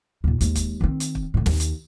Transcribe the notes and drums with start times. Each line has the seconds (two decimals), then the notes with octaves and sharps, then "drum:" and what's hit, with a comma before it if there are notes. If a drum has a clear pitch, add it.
0.24 D#2 A#2
0.41 D#2 G#3, drum: hi-hat
0.55 drum: kick, hi-hat
0.81 D#3 C4
1.00 drum: hi-hat
1.15 drum: kick
1.34 A2 D3
1.46 D#2, drum: snare
1.60 drum: hi-hat